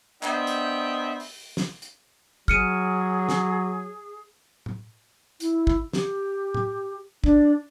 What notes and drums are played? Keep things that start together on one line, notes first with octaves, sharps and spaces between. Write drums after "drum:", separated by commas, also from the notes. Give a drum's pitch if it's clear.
B3 D4 C5 D#5 E5 G5, drum: clap
drum: hi-hat
drum: open hi-hat
drum: snare
drum: hi-hat
F#3 G#4 F6 C#7 D#7, drum: kick
drum: snare
drum: tom A2
E4, drum: hi-hat
drum: kick
G4, drum: snare
drum: tom A2
D4, drum: kick